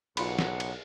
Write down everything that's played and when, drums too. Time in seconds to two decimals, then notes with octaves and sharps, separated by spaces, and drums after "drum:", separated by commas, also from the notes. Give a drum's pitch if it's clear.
0.17 B1 C#3 F4 F#5 B5, drum: cymbal
0.39 drum: snare
0.60 drum: cymbal